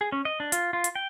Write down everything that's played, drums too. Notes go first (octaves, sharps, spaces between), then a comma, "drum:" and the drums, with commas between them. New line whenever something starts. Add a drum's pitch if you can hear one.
G#4
C#4
D#5
D4
F4, drum: hi-hat
F4
drum: hi-hat
G5